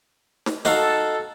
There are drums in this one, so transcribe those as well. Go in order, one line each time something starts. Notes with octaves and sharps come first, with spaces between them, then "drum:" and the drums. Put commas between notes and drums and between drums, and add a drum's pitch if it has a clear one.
drum: snare
D#4 F#4 A4 F5, drum: snare